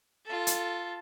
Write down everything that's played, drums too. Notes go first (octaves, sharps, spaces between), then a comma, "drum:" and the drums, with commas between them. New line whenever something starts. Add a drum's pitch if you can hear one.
F4 A4
drum: hi-hat